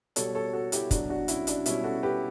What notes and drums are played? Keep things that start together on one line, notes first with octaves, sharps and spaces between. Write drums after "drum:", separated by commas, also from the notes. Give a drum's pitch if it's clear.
B2 G3 A4 C#5, drum: hi-hat
A4 C#5
F#4 A4
E4 G4, drum: hi-hat
B2 F#3 D4 F#4, drum: kick, hi-hat
D4 F#4
C#4 E4, drum: hi-hat
D4, drum: hi-hat
B2 G3 C#4 E4, drum: hi-hat
F#4 A4
G4 B4